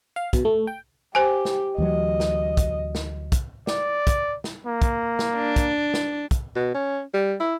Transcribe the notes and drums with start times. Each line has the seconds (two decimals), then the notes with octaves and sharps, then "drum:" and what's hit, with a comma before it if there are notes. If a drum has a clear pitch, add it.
0.16 F5
0.33 B2, drum: kick, hi-hat
0.45 A3
0.67 G5
1.15 G4 C5 G#5
1.45 drum: snare
1.78 D2 E3 F#3 D#5
2.20 drum: snare
2.57 drum: kick, hi-hat
2.95 drum: snare
3.32 drum: kick, hi-hat
3.67 D5, drum: snare
4.07 drum: kick, hi-hat
4.44 drum: snare
4.66 A#3
4.82 drum: kick, hi-hat
5.19 drum: snare
5.35 D4
5.56 drum: kick, hi-hat
5.94 drum: snare
6.31 drum: kick, hi-hat
6.56 B2
6.74 C#4
7.14 G3
7.40 E4